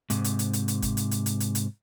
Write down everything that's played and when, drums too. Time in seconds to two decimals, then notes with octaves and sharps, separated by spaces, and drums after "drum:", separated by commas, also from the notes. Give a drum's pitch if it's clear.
0.10 G#2 C3, drum: hi-hat
0.24 drum: hi-hat
0.39 drum: hi-hat
0.53 drum: hi-hat
0.68 drum: hi-hat
0.82 drum: kick G1, hi-hat
0.97 drum: hi-hat
1.11 drum: hi-hat
1.26 drum: hi-hat
1.40 drum: hi-hat
1.55 drum: hi-hat